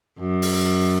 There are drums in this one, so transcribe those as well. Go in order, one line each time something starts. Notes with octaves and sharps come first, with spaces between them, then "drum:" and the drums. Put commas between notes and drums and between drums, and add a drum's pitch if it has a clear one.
F#2
drum: open hi-hat